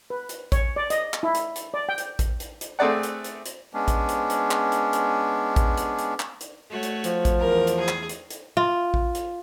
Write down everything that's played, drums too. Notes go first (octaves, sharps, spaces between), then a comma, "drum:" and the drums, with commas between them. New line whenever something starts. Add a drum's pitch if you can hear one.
B4
drum: hi-hat
C#5, drum: kick A1, hi-hat
D5
D#5, drum: hi-hat
drum: clap
E4
drum: hi-hat
drum: hi-hat
D5
G5
drum: hi-hat
drum: kick A1, hi-hat
drum: hi-hat
drum: hi-hat
A3 C4 G#4 D5 F#5
drum: hi-hat
drum: hi-hat
drum: hi-hat
G#3 B3 C#4 D4
drum: kick A1, hi-hat
drum: hi-hat
drum: hi-hat
drum: clap
drum: hi-hat
drum: hi-hat
drum: kick A1, hi-hat
drum: hi-hat
drum: hi-hat
drum: clap
drum: hi-hat
A3 F#4 C#5
drum: hi-hat
F3, drum: hi-hat
drum: kick A1, hi-hat
E2 A#4
drum: hi-hat
G#4
drum: clap
drum: hi-hat
drum: hi-hat
F4
drum: kick A1
drum: hi-hat